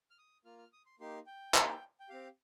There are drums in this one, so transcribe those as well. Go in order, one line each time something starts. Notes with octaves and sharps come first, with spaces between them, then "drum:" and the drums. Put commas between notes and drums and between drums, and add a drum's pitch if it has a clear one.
F6
D#6
A#3 F4 F6
F6
D#6
C6
A#3 D#4 G4 C6
G5
A#3 D#4 G4, drum: clap
G5
C4 G4 F5